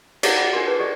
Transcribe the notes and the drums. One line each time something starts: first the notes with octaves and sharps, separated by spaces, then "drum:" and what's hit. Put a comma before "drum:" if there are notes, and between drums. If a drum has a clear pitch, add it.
E4 C#5 D5 F5 F#5 D6, drum: cymbal
G#4 D5 F#5 G5 B5
D4 A#4 C6
C#4 D#4 G#4 B4
G4 A4 D5 D#5